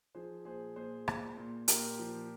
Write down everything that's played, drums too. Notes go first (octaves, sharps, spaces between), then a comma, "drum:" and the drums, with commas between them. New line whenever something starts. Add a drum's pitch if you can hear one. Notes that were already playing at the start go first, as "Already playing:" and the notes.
F3 G#4 C5
A#2 G#4 C5
A#2 G#4 C5
A#2, drum: rim click
A#2
A#2 G4 A#4, drum: hi-hat
F3